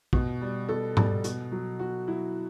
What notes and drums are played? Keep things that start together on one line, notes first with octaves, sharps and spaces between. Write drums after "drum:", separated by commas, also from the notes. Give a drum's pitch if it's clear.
B2, drum: kick
G3
B2 A4
G3, drum: tom G#2
B2, drum: hi-hat
F#3
B2 F#4
F#3 E4